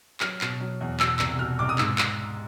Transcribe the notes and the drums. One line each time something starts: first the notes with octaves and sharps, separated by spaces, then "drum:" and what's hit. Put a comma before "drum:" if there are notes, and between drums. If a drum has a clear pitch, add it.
F#3 F6, drum: clap
B2, drum: clap
F#3
E2
B2 E6, drum: clap
C2, drum: clap
B2 F6
C2 D6
D#6
G#2 E6, drum: clap
drum: clap